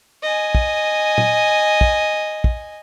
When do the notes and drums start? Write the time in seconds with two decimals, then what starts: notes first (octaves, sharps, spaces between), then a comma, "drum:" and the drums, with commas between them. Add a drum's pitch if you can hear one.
0.23 D#5 G#5
0.55 drum: kick
1.18 drum: tom A#2
1.81 drum: kick
2.44 drum: kick